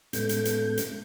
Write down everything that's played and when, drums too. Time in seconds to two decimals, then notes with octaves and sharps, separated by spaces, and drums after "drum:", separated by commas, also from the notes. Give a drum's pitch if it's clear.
0.13 A2 G#3 B3 C#4 A4 G6, drum: hi-hat
0.29 drum: hi-hat
0.45 drum: hi-hat
0.78 drum: hi-hat